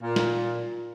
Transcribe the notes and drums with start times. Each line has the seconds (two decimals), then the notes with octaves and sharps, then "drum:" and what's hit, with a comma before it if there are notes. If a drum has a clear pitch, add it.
0.02 A#2
0.16 drum: snare